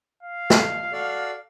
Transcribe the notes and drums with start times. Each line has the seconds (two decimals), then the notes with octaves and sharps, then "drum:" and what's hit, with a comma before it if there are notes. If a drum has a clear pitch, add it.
0.23 F5
0.50 drum: snare
0.92 F#4 A4 D5